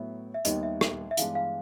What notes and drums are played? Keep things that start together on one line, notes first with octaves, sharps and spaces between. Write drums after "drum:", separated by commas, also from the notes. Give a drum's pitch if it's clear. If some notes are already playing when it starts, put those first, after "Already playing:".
Already playing: A2 F#3 B3 E4
E5
D#2 D#3 G3 B3 D#4 D#5, drum: hi-hat
E5
drum: rim click
E5
G2 E3 G#3 B3 D4 F5, drum: hi-hat
F5